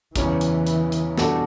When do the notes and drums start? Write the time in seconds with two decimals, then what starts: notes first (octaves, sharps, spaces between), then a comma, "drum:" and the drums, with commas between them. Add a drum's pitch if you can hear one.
0.16 E2 C#3 E3 G3 C#4, drum: kick, hi-hat
0.41 drum: hi-hat
0.67 drum: hi-hat
0.92 drum: hi-hat
1.18 B2 G3 D4 F#4 A4, drum: snare